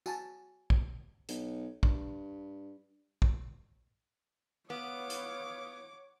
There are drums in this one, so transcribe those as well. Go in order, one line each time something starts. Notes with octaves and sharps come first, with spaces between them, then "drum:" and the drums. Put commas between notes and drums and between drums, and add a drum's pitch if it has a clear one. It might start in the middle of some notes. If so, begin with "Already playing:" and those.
F#4 G#5 A5, drum: tambourine
drum: kick
B1, drum: hi-hat
G2, drum: kick
drum: kick
B3 C#5 F5 D6 D#6
drum: hi-hat